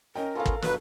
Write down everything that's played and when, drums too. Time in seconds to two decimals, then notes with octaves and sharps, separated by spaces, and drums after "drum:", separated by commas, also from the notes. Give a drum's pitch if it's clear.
0.15 C#4 A#4 D#5 G5
0.35 B3 C#4 F4 A4 F5
0.46 drum: kick
0.62 G2 B2 F#3 B4, drum: snare